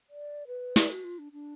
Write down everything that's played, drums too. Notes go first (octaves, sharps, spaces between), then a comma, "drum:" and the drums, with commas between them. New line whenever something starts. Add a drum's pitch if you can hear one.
D5
B4
D5, drum: snare
F#4
F4
D4
D4